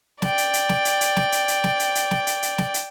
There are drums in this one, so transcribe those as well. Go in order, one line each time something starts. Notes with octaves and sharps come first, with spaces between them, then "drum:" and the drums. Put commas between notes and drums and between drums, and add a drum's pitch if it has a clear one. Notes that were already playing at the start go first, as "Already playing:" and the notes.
D5 G5, drum: snare
drum: hi-hat
drum: hi-hat
drum: snare
drum: hi-hat
drum: hi-hat
drum: snare
drum: hi-hat
drum: hi-hat
drum: snare
drum: hi-hat
drum: hi-hat
drum: snare
drum: hi-hat
drum: hi-hat
drum: snare
drum: hi-hat